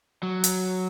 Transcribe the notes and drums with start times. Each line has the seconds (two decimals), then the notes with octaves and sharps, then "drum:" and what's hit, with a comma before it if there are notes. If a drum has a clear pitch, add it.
0.23 F#3
0.44 drum: hi-hat